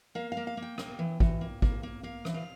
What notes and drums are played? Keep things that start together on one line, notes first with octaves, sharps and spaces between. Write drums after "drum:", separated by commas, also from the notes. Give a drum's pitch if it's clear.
A#3 F5
F5
A#3
F5
A#3
G5
A#3, drum: rim click
E3
E3, drum: kick
A#3
A#3, drum: kick
A#3
A#3 F5
E3, drum: rim click
F5